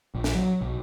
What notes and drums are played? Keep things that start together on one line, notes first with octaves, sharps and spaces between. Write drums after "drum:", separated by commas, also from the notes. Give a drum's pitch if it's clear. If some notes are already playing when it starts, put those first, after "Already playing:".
A#1
drum: snare
F#3
B1